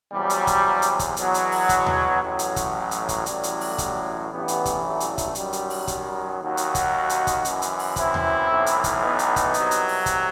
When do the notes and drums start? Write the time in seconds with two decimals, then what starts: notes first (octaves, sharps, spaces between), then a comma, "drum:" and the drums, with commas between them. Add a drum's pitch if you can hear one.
0.12 E2 C3 F#3 G3
0.30 drum: hi-hat
0.47 drum: kick, hi-hat
0.82 drum: hi-hat
0.99 drum: kick, hi-hat
1.17 E2 B2 F#3, drum: hi-hat
1.34 drum: hi-hat
1.52 drum: open hi-hat
1.69 drum: kick, hi-hat
1.87 drum: tom D#2
2.21 A1 A2 F#3
2.39 drum: hi-hat
2.56 drum: kick, hi-hat
2.91 drum: hi-hat
3.09 drum: kick, hi-hat
3.26 A1 A2 F#3 G3, drum: hi-hat
3.43 drum: hi-hat
3.61 drum: open hi-hat
3.78 drum: kick, hi-hat
4.31 A1 G2 E3 G3 B3
4.48 drum: hi-hat
4.65 drum: kick, hi-hat
4.83 F#3 A3
5.00 drum: hi-hat
5.18 drum: kick, hi-hat
5.35 F#2 D#3 F#3 G3, drum: hi-hat
5.53 drum: hi-hat
5.70 drum: open hi-hat
5.87 drum: kick, hi-hat
6.40 D#2 D#3 F#3 D#4 F#4
6.57 drum: hi-hat
6.75 drum: kick, hi-hat
7.09 drum: hi-hat
7.27 drum: kick, hi-hat
7.45 F#2 E3, drum: hi-hat
7.62 drum: hi-hat
7.79 drum: open hi-hat
7.96 C4 E4, drum: kick, hi-hat
8.14 drum: tom D#2
8.49 B1 A2 E3
8.66 drum: hi-hat
8.84 drum: kick, hi-hat
9.01 B3 D#4
9.19 drum: hi-hat
9.36 drum: kick, hi-hat
9.54 C2 C3 F#3, drum: hi-hat
9.71 drum: hi-hat
9.88 drum: open hi-hat
10.06 drum: kick, hi-hat